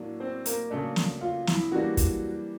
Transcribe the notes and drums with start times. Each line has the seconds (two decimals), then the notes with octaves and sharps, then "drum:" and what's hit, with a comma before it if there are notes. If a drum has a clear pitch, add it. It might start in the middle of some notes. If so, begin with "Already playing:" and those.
Already playing: A2 F#3 A#3 D4
0.20 C4 C5
0.46 A#3 A#4, drum: hi-hat
0.70 C#3 F#3 A3 A#3 D4 A4
0.96 drum: snare
1.21 F4
1.47 E4, drum: snare
1.71 E3 F#3 G3 A#3 D4 F#4
1.97 drum: kick, hi-hat